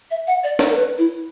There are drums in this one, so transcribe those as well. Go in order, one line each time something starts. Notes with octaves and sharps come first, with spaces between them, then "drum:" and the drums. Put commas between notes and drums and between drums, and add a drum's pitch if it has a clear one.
E5
F#5
D5
C#5, drum: snare
A#4
B4
E4